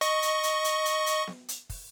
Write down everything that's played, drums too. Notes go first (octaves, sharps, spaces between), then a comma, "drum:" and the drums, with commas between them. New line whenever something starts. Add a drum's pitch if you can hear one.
D#5 C#6, drum: hi-hat
drum: hi-hat
drum: hi-hat
drum: hi-hat
drum: hi-hat
drum: hi-hat
drum: snare B3
drum: hi-hat
drum: kick, open hi-hat